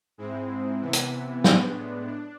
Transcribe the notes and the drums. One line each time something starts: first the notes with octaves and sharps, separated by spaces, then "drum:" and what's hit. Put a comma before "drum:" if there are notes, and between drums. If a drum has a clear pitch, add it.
G#2 G#3 C4 E4
C3 E3 B3 E4
drum: hi-hat
A2 G#3 B3 D4, drum: snare
D4